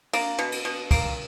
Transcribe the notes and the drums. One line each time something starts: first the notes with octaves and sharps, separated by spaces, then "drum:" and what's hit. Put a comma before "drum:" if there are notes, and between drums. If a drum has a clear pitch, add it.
A#3, drum: cymbal
B2
drum: cymbal
B2
A#3, drum: kick, cymbal